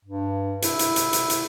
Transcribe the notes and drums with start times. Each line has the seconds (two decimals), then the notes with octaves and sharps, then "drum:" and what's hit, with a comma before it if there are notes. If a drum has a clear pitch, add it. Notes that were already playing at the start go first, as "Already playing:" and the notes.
0.05 G2
0.62 E4, drum: hi-hat
0.79 drum: hi-hat
0.96 drum: hi-hat
1.13 drum: hi-hat
1.30 drum: hi-hat